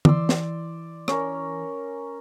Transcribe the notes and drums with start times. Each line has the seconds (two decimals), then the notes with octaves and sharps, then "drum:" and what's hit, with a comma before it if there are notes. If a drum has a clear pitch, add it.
0.05 E3 D5 C6 E6, drum: tom
0.29 drum: snare
1.08 C#4 A#4, drum: rim click